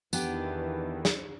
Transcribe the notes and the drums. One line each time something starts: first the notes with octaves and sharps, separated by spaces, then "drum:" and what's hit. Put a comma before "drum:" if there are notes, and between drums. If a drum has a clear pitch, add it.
E2 D#3 E3 B3 D4 G4, drum: tambourine
drum: snare